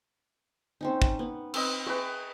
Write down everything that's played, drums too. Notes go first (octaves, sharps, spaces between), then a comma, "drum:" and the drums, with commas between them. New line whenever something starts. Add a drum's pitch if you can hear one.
C4 C#4 D#4
drum: kick
B3
C4 B4 D#5, drum: cymbal
G#4 A#4 B4 E5 G5 C#6